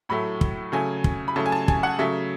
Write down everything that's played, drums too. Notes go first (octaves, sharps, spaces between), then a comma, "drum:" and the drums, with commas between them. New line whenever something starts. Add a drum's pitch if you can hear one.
A2 F#3 A3 B5
drum: kick
C#3 F#3 A3 G#5
drum: kick
B5
C#3 F#3 A3 A5
G#5
A5
G#5, drum: kick
F#5
C#3 F#3 A3 E5